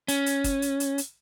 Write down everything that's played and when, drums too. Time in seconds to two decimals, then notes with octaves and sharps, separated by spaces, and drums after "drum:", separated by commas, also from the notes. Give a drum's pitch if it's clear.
0.08 C#4, drum: hi-hat
0.26 drum: hi-hat
0.44 drum: kick, hi-hat
0.62 drum: hi-hat
0.80 drum: hi-hat
0.98 drum: hi-hat